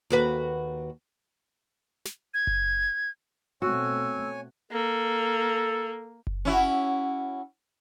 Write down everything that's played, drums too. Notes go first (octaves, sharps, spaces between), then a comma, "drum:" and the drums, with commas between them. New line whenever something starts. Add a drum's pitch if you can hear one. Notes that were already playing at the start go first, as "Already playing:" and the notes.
D#2 F#4 B4
drum: snare
G#6
drum: kick F#1
B2 A3 C4 F#4 C#5 G#5 E6
A#3 A4
drum: kick F#1
C#4 E4 F#4